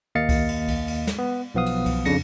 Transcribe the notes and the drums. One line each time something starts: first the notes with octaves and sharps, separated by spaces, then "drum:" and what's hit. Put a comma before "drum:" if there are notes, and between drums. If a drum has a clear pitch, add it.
D#2 A#3 D#5 F5 A6 C#7
drum: kick C2, cymbal
drum: cymbal
drum: kick C2, cymbal
drum: cymbal
drum: snare
B3
B1 F3 B3 F5 D#6
drum: cymbal
drum: kick C2, cymbal
F2 C#3 D4 A#6 C#7, drum: cymbal